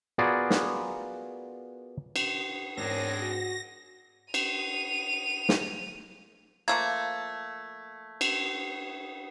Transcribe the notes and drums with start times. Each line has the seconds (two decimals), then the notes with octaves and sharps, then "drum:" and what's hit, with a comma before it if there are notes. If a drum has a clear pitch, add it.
0.18 B3 F4 F#4 G#4 A#4 D5
0.50 drum: snare
2.16 drum: cymbal
2.77 E2 G#2 C4 D4 G#4 A#4 C#5 A#6
3.22 F#4
4.34 D#7 F7, drum: cymbal
5.49 drum: snare
6.68 F3 A3 A#3 E6 G#6
8.21 drum: cymbal